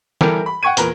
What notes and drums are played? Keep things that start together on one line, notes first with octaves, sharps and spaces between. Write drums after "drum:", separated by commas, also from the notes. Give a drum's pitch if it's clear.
E3 G3 G4 A4 A#4, drum: snare
B5
F#5 G5 C#6 G#6 D#7
E2 A#2 A#4 B4 A#5, drum: hi-hat